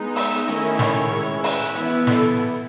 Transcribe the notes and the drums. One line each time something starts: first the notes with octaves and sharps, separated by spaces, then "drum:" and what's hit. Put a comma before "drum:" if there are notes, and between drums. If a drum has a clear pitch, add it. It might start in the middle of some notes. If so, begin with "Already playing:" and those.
Already playing: G#3 B3 D#4
E5, drum: open hi-hat
D#3 A3 C#4 E4 D#5, drum: hi-hat
C#5, drum: snare
G#3 C#4 E4
B4, drum: open hi-hat
E3 B3 E4, drum: hi-hat
A4, drum: snare